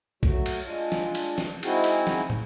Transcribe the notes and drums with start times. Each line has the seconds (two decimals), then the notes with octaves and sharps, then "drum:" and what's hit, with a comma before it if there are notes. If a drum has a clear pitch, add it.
0.23 F#3 A3 F#4, drum: kick B1
0.46 drum: cymbal
0.65 G#3 D4 F4
0.92 drum: snare
1.15 drum: cymbal
1.38 drum: snare
1.63 G#3 C4 D#4 E4 F#4 G#4, drum: cymbal
1.84 drum: cymbal
2.07 drum: snare
2.30 drum: tom